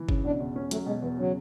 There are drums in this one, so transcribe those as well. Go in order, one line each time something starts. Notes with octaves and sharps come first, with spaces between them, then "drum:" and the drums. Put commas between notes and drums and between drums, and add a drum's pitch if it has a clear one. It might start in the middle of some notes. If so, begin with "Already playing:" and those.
Already playing: E3
C#3, drum: kick G1
B2 D4
E2
C#4
F#3 A3, drum: hi-hat
B2 G#3
E2 E3
C#3 F#3